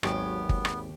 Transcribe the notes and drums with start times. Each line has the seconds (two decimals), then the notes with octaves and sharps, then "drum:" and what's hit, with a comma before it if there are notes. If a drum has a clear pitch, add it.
0.03 G#1 D#2 F#3 B3 G4 G#4 C#5, drum: rim click
0.49 drum: kick G1
0.65 drum: rim click